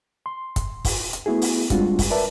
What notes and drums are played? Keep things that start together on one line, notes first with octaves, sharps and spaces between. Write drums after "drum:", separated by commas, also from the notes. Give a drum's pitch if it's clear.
C6
drum: kick, hi-hat
drum: kick, open hi-hat
drum: hi-hat
A3 B3 E4 F#4 G#4
drum: open hi-hat
G3 G#3 C4 D4 F4 F#4, drum: kick, hi-hat
drum: kick, open hi-hat
A#4 B4 D5 E5 A5